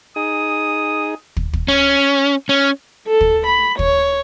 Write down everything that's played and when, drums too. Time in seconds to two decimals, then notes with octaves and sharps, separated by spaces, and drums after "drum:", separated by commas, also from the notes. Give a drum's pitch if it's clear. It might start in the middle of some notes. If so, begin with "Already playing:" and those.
0.16 D#4 G#4 D#6
1.37 drum: kick
1.53 drum: kick
1.68 C#4
2.49 C#4
3.07 A4
3.21 drum: kick
3.47 B5
3.79 C#5, drum: kick